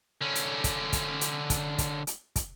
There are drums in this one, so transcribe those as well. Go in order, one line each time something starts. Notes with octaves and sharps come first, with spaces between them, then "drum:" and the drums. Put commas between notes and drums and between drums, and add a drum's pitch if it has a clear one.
D3 C#4
drum: hi-hat
drum: kick, hi-hat
drum: kick, hi-hat
drum: hi-hat
drum: kick, hi-hat
drum: kick, hi-hat
drum: hi-hat
drum: kick, hi-hat